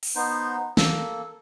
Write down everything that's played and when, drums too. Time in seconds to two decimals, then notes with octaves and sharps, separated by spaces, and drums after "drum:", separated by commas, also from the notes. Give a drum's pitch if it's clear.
0.03 drum: open hi-hat
0.16 B3 D#4 C5
0.77 A#3 A4, drum: snare